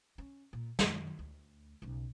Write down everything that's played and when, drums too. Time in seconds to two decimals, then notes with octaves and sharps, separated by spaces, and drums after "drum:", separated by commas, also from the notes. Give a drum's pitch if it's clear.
0.18 C#4
0.53 A#2
0.79 F#2 D#3, drum: snare
1.19 D2
1.82 B1 C#3